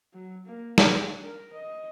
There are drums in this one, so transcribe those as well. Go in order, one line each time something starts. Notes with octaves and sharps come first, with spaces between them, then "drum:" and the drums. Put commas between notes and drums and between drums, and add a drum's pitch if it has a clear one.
F#3
A#3
D4, drum: snare
A#4
D#5